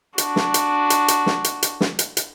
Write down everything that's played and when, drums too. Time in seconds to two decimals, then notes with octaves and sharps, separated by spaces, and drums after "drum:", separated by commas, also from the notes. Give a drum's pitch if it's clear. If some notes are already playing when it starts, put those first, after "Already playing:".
0.18 D4 F#4, drum: hi-hat
0.36 drum: snare
0.54 drum: hi-hat
0.90 drum: hi-hat
1.08 drum: hi-hat
1.26 drum: snare
1.44 drum: hi-hat
1.63 drum: hi-hat
1.81 drum: snare
1.99 drum: hi-hat
2.17 drum: hi-hat